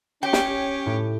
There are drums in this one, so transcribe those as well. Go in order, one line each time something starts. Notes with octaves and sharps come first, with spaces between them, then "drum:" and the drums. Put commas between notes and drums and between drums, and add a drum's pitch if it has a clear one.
C#4 G4 C#5 G5
drum: snare
A2